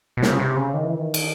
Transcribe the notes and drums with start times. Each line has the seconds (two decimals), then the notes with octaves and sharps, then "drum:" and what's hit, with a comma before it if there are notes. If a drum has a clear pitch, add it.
0.17 B2
0.22 C3, drum: snare
0.32 C#3
0.40 C3
0.56 C#3
0.74 D#3
0.84 E3
0.95 D#3
1.14 drum: cymbal